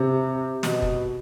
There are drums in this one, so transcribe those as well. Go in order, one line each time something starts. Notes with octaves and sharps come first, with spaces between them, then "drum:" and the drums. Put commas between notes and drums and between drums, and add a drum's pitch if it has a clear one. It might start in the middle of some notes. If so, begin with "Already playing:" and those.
Already playing: C3
B2, drum: snare
drum: kick